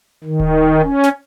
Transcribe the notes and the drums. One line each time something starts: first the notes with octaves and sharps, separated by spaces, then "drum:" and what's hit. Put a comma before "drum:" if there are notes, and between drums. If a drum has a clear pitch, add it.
D#3
drum: kick D1
C#4
drum: snare